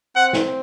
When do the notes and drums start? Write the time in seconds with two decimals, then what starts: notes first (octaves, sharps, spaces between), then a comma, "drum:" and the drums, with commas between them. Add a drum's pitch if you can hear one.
0.16 C4 F#5
0.33 drum: snare